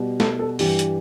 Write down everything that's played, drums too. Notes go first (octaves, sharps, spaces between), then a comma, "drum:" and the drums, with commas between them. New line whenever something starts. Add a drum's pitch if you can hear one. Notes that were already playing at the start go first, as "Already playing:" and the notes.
Already playing: B2 G3
A4, drum: snare G#3
A4
G2 E3 G3 G4, drum: open hi-hat
drum: hi-hat